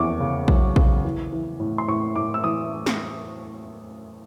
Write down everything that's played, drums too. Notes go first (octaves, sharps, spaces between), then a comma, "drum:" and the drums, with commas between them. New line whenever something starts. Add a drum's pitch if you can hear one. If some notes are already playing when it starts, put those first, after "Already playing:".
Already playing: F1 E2 C#6 D6
C#3
F#3, drum: kick A#1
C#3, drum: kick A#1
E3
E3
A2
C6
A2 C#6
A2 D6
E6
E3 D#6
drum: snare